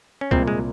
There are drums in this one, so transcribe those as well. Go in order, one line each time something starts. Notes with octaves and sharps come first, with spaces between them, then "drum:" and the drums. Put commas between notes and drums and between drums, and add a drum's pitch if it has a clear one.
C#4
C2 A#2 G#3 C4, drum: kick
G#3